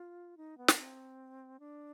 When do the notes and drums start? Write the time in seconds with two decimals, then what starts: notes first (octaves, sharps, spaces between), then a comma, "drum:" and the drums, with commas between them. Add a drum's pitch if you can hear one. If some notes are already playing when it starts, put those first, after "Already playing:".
Already playing: F4
0.37 D#4
0.58 B3
0.68 drum: snare
0.78 C4
1.60 D4